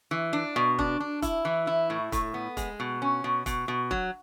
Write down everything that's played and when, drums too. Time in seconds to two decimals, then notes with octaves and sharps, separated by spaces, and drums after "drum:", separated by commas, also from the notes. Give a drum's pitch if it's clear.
0.11 E3
0.33 D4
0.56 B2
0.79 D4, drum: kick E1
1.00 D4
1.22 E4, drum: kick E1, hi-hat
1.45 E3
1.67 E4
1.90 A2
2.12 A2, drum: kick E1, hi-hat
2.34 B3
2.57 G#3, drum: kick E1, hi-hat
2.80 B2
3.02 C#4
3.24 B2
3.46 B2, drum: kick E1, hi-hat
3.68 B2
3.91 F#3, drum: kick E1